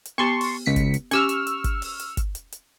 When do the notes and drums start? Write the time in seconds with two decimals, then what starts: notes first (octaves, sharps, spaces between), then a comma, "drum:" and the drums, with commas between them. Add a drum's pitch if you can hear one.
0.05 drum: hi-hat
0.18 B3 G4 A5 C6 C#6
0.41 drum: open hi-hat
0.66 C#2 B6 C#7
0.76 drum: kick G1, hi-hat
0.94 drum: hi-hat
1.11 C#4 G4 C#6 E6 F6, drum: hi-hat
1.29 drum: hi-hat
1.47 drum: hi-hat
1.64 drum: kick G1, hi-hat
1.82 drum: open hi-hat
2.00 drum: hi-hat
2.17 drum: kick G1, hi-hat
2.35 drum: hi-hat
2.52 drum: hi-hat